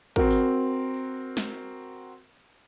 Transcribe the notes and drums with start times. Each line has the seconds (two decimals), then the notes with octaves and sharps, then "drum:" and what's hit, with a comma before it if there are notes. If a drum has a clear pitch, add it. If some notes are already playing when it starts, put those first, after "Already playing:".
0.16 C4 F#4 A#4, drum: kick
0.31 drum: tambourine
0.94 drum: open hi-hat
1.37 drum: snare